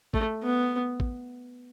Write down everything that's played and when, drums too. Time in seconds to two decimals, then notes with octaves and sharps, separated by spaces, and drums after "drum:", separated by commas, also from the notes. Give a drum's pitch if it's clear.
0.14 A3, drum: kick
0.43 B3
1.00 drum: kick